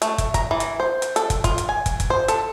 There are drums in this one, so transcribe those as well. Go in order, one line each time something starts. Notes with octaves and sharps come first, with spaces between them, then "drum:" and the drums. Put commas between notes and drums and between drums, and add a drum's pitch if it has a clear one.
A3, drum: hi-hat
drum: kick, hi-hat
A#5, drum: kick, hi-hat
E3
drum: hi-hat
C5
drum: hi-hat
A4, drum: hi-hat
drum: kick, hi-hat
F4, drum: kick, hi-hat
drum: hi-hat
G#5
drum: kick, hi-hat
drum: kick, hi-hat
C5
A4, drum: hi-hat